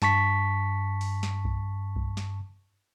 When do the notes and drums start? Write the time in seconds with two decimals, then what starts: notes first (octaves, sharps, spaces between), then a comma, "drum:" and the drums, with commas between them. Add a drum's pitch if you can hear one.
0.02 G2 A5 C#6 B6, drum: snare
1.01 drum: open hi-hat
1.23 drum: snare
1.45 drum: kick B1
1.96 drum: kick B1
2.17 drum: snare